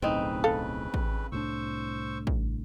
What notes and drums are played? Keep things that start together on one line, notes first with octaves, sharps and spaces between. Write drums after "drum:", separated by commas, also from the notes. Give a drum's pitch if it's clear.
D1 B1 F2 A2 C#3 C4 D#4 B4
A4 F5
drum: kick
C2 A2 D4 C5 C#6 E6
drum: kick